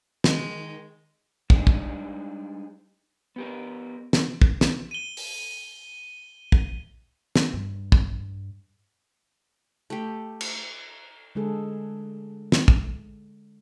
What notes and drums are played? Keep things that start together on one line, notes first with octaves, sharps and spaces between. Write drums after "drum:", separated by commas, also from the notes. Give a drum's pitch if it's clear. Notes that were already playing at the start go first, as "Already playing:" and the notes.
D#3 G#3, drum: snare
G3 G#3 D4 D#4 G#4, drum: kick
drum: kick
B3 G4 A#4
drum: snare
drum: kick
drum: snare
D#7 G7
drum: open hi-hat
drum: kick
drum: snare
G2
drum: kick
A3 G4
drum: cymbal
D3 G#3 G#4 A4
drum: snare
drum: kick